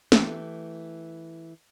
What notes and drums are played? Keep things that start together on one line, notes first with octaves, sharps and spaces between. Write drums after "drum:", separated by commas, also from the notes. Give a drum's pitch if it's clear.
E3 A3 G4, drum: snare